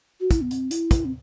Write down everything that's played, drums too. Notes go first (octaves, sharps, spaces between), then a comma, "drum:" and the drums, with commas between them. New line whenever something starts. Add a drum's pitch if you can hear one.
F#4
E4, drum: kick, hi-hat
B3
C4, drum: hi-hat
E4, drum: hi-hat
drum: kick, hi-hat
C4